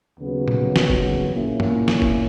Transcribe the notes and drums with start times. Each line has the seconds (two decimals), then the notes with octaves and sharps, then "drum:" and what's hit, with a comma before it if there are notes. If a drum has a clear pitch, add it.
0.20 D#2 C#3 F#3 B3
0.48 drum: tom A#2
0.76 drum: snare
0.90 drum: kick
1.32 A#2 A#3 C#4 E4
1.60 drum: tom
1.88 drum: snare
2.02 drum: kick